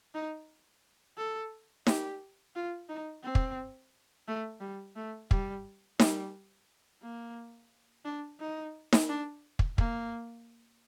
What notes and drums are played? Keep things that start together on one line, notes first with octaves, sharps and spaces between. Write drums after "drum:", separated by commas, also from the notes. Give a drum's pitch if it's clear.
D#4
A4
G4, drum: snare D#4
F4
D#4
C4
drum: kick
A3
G3
A3
G3, drum: kick
G3, drum: snare D#4
A#3
D4
D#4
drum: snare D#4
D4
drum: kick
A#3, drum: kick